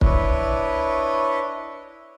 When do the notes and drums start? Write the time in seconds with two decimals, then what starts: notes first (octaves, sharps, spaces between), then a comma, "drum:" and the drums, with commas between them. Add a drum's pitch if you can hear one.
0.01 D4 E4 B4 C#5 D#5, drum: kick